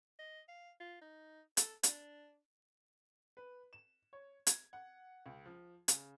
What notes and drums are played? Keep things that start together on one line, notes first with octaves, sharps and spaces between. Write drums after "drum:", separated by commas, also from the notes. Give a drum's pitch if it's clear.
D#5
F5
F4
D#4
A4, drum: hi-hat
D4, drum: hi-hat
B4
E7
C#5
G#6, drum: hi-hat
F#5
C#2
F3
C#3, drum: hi-hat